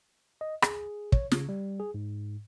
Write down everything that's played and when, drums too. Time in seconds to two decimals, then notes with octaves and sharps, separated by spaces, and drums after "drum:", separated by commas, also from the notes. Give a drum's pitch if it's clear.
0.41 D#5
0.62 G#4, drum: rim click
1.12 C#5, drum: kick
1.31 C#3, drum: snare
1.49 G3
1.80 G#4
1.94 G#2